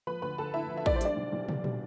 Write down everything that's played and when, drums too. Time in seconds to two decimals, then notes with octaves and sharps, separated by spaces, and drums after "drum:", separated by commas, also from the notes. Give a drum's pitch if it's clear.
0.07 F3 B4 B5
0.22 D2 B4 B5
0.38 D2 A4 A5
0.54 D3 E4 E5
0.69 F3
0.77 E5
0.86 D2 D5, drum: kick
0.96 C5
1.01 G3 D4 D5, drum: hi-hat
1.16 B1
1.32 B1
1.49 B2, drum: tom
1.64 G3, drum: tom